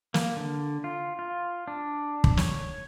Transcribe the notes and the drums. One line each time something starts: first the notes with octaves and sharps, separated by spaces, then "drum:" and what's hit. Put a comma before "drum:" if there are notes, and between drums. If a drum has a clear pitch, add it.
A#3, drum: snare
D3
F4
F4
D4
drum: kick
C#5, drum: snare